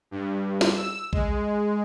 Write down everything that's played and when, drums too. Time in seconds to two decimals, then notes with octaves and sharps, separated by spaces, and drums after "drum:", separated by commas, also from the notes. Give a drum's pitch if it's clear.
0.11 G2
0.61 drum: snare
0.76 E6
1.13 G#3, drum: kick A#1